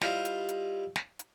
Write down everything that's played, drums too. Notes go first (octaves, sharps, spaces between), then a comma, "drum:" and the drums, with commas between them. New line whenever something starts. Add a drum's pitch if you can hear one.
G3 E4 F4 C5 D#5, drum: snare
drum: hi-hat
drum: hi-hat
drum: snare
drum: hi-hat